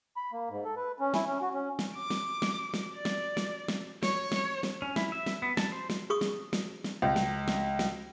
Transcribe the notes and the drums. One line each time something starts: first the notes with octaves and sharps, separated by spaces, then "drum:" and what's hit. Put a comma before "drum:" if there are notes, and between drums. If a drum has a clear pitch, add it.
B5
A#3
G#2
A4
B4
C#4
E4, drum: snare
C#4
F#4
C#4
drum: snare
D6
drum: snare
drum: snare
drum: snare
D5
drum: snare
drum: snare
drum: snare
C#5, drum: snare
drum: snare
drum: snare
C#4
E4, drum: snare
E5
drum: snare
B3
A5, drum: snare
C5
drum: snare
G#4 C#6 D#6
drum: snare
drum: snare
drum: snare
C#2
drum: snare
drum: snare
drum: snare